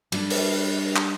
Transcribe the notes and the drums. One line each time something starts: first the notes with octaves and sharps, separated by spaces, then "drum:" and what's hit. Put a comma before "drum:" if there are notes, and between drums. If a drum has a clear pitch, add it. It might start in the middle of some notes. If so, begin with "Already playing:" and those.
G3 D4, drum: cymbal
drum: open hi-hat
drum: clap